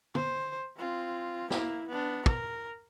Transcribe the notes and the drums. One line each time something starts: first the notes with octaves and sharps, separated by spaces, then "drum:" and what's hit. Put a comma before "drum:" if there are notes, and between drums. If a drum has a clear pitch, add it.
C5, drum: tom
C4 F4
A#3 E4, drum: snare
B3 D4
A#4, drum: kick